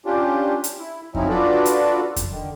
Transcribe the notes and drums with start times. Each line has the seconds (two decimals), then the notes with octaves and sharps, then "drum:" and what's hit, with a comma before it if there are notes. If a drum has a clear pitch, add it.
0.06 C#4 D4 F4 G4
0.64 drum: hi-hat
0.79 E4
1.15 F3 F#3 C4 C#4 D#4 E4, drum: kick F2
1.29 D4 F4 F#4 A4 B4 D5
1.65 drum: hi-hat
2.16 drum: kick F2, hi-hat
2.32 D3 D#3